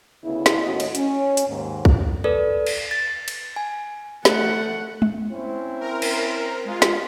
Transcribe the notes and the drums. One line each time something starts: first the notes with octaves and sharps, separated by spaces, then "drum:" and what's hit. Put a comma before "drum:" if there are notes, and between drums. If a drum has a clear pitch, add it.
D2 C#3 B3 E4
drum: snare
D#2 A2 C#4 F#4 D#5
drum: cymbal
C#4, drum: hi-hat
drum: hi-hat
D#2 G#2
drum: kick
A4 B4 D5
drum: cymbal
A6
drum: cymbal
G#5
A3 F#5, drum: snare
drum: tom G#3
C4 C#4 E4
A#4
drum: cymbal
G#3 F4
drum: snare